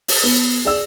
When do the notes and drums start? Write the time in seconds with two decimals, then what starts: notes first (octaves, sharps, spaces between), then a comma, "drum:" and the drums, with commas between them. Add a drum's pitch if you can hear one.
0.08 drum: open hi-hat
0.23 B3
0.65 G#4 D5 E6